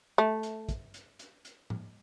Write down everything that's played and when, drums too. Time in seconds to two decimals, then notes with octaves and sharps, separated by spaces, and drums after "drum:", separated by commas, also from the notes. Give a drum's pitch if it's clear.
0.18 A3
0.43 drum: hi-hat
0.69 drum: kick, hi-hat
0.94 drum: hi-hat
1.19 drum: hi-hat
1.45 drum: hi-hat
1.70 drum: tom A2